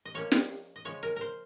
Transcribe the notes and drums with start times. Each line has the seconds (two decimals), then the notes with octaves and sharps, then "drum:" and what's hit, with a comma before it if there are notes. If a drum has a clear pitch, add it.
0.05 D#5
0.14 F3 A#3 C#4 C#5
0.32 drum: snare
0.76 D#5
0.85 C#3 F3 G#3 C#5
1.03 A#4
1.16 A#4 C5